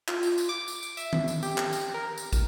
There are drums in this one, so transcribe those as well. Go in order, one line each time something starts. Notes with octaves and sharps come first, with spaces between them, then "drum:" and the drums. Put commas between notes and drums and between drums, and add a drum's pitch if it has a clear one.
F4, drum: clap
drum: tambourine
drum: tambourine
D6
drum: tambourine
drum: tambourine
E5, drum: tambourine
drum: tom D#3
drum: tambourine
G4, drum: tambourine
drum: clap
drum: tambourine
A#4
drum: tambourine
drum: kick, tambourine